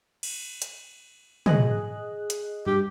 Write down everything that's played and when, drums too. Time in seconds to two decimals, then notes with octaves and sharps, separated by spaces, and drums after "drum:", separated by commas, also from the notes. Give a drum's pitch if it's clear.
0.23 drum: cymbal
0.62 drum: hi-hat
1.46 G#4 D#5 F#6, drum: tom
2.30 drum: hi-hat
2.67 G2 G4